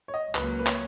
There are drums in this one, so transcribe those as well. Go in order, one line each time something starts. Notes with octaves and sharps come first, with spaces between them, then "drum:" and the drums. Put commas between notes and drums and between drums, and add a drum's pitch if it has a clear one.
C#5
D#5
C#2 C#3 F#3 A#3 B4, drum: clap
B4
C#5, drum: clap